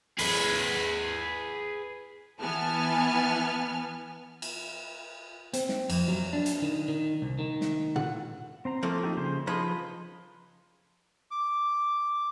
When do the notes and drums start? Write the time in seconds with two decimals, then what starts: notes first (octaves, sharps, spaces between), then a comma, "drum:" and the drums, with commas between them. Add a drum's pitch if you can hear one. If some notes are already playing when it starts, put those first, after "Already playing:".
0.18 G#4 B4, drum: open hi-hat
2.41 E3 B3 G#5 A5 F6
4.42 drum: cymbal
5.53 C4, drum: hi-hat
5.69 drum: snare
5.90 F2, drum: cymbal
6.08 F#3
6.33 D4
6.46 drum: hi-hat
6.62 D#3
6.88 D#3
7.22 C2
7.39 D#3
7.61 drum: snare
7.96 F#5, drum: tom
8.65 C4 C5 A#5
8.83 F3 A3 A#3
9.03 D#4 G4
9.17 C#3 C5
9.47 F3 D#4 G#4 B4 C6
11.31 D6